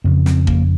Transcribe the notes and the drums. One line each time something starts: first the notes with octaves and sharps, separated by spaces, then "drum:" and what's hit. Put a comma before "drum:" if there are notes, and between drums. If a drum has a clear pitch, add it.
F2 C#3 C4
C4, drum: snare
A#3, drum: kick